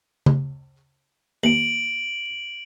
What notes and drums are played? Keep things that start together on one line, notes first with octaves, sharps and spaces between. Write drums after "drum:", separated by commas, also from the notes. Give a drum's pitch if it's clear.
drum: tom C#3
D#2 D7 F#7